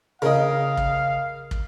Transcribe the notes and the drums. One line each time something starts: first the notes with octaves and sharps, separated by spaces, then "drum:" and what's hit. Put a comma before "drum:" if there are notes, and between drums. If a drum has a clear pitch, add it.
C#3 A#4 D#5 F5
drum: kick
drum: kick